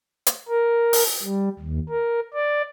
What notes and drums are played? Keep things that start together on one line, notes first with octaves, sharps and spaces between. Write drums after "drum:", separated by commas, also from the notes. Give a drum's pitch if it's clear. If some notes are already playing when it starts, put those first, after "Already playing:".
drum: hi-hat
A#4
drum: open hi-hat
G3
D#2
A#4
D5